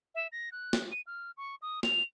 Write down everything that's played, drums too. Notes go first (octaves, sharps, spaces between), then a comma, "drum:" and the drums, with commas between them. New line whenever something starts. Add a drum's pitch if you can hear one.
E5
A#6
F#6
drum: snare
D#7
F6
C#6
D#6
F7, drum: snare